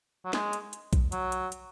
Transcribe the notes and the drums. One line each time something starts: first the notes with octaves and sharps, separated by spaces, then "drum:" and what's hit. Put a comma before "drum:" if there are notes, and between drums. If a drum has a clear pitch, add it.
F#3
G#3, drum: snare
drum: hi-hat
drum: hi-hat
drum: kick B1, hi-hat
F#3, drum: hi-hat
drum: hi-hat
drum: hi-hat